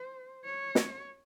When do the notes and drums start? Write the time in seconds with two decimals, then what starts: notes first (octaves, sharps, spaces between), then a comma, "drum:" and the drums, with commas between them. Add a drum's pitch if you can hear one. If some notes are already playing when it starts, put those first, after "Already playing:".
Already playing: C5
0.45 C#5
0.75 drum: snare